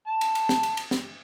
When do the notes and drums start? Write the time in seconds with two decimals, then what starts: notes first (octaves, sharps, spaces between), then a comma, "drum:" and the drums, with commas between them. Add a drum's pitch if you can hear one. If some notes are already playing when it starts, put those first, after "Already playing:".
0.07 A5
0.21 drum: cymbal
0.35 drum: cymbal
0.49 drum: snare
0.63 drum: cymbal
0.77 drum: cymbal
0.91 drum: snare